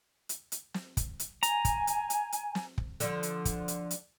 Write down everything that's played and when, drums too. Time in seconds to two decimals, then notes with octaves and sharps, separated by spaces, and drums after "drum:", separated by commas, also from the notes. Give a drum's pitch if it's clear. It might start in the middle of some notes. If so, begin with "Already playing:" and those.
0.29 drum: hi-hat
0.52 drum: hi-hat
0.74 drum: snare
0.97 drum: kick, hi-hat
1.19 drum: hi-hat
1.43 G#5 A#5, drum: hi-hat
1.65 drum: kick, hi-hat
1.87 drum: hi-hat
2.10 drum: hi-hat
2.32 drum: hi-hat
2.55 drum: snare
2.78 drum: kick
3.00 D3 F3, drum: hi-hat
3.23 drum: hi-hat
3.45 drum: kick, hi-hat
3.68 drum: hi-hat
3.91 drum: hi-hat